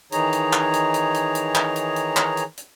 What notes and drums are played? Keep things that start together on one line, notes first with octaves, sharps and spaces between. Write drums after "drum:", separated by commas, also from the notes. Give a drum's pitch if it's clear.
D#3 E3 D#4 G#4 C#5 A#5, drum: hi-hat
drum: hi-hat
drum: clap
drum: hi-hat
drum: hi-hat
drum: hi-hat
drum: hi-hat
drum: clap
drum: hi-hat
drum: hi-hat
drum: clap
drum: hi-hat
drum: hi-hat